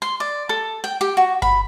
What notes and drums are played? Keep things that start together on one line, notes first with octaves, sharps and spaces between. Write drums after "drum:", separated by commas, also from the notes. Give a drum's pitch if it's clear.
C6
D5
A4
G5
G4
F#4
B5, drum: kick G1